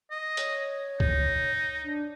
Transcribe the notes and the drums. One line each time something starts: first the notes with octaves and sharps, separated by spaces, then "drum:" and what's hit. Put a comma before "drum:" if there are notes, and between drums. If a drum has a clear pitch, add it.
D#5
C#5, drum: hi-hat
D#4, drum: kick C#2
D4